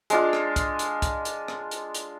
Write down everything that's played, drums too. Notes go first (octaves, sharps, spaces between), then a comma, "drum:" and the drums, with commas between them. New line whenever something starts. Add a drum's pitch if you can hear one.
G#3 D4 F4, drum: hi-hat
drum: rim click
drum: kick C2, hi-hat
drum: hi-hat
drum: kick C2, hi-hat
drum: hi-hat
drum: rim click
drum: hi-hat
drum: hi-hat